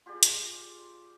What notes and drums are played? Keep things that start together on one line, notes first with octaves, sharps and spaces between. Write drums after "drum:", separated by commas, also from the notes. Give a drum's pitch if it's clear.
F4 G4 G#4 D5
drum: hi-hat